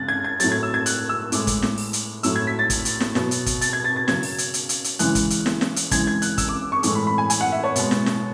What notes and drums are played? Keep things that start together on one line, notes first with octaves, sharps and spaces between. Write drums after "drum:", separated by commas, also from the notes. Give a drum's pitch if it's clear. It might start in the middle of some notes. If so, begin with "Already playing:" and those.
Already playing: C#3 G#3 F#6 A6
G#6
G#6
A2 F#3 A6, drum: hi-hat
G#6
E6
G#6
F#6, drum: hi-hat
E6
A2 G#3 D6, drum: hi-hat
drum: kick, hi-hat
drum: snare
drum: open hi-hat
drum: hi-hat
A2 F#3 E6, drum: hi-hat
G#6
B6
A6
drum: kick, hi-hat
drum: hi-hat
drum: snare
B2 F#3, drum: snare
drum: hi-hat
drum: kick, hi-hat
A6, drum: hi-hat
G#6
A6
A6
C#3 F#3 G#6, drum: snare
drum: open hi-hat
drum: hi-hat
drum: hi-hat
drum: hi-hat
drum: hi-hat
C#3 E3 G#3 F#6, drum: hi-hat
drum: kick, hi-hat
drum: hi-hat
drum: snare
drum: snare
drum: hi-hat
C#3 E3 G#3 G#6, drum: kick, hi-hat
G#6
F#6, drum: hi-hat
E6, drum: kick, hi-hat
D6
C#6
A2 E3 G#3 C#6, drum: hi-hat
B5
B5
G#5
G#5, drum: hi-hat
F#5
E5
C#5
B2 G#3, drum: hi-hat
drum: snare
drum: snare